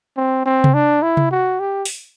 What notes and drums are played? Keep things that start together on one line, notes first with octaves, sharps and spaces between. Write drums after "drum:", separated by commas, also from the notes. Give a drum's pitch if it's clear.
C4
C4
drum: tom C3
D4
E4
drum: tom C3
F#4
G4
drum: open hi-hat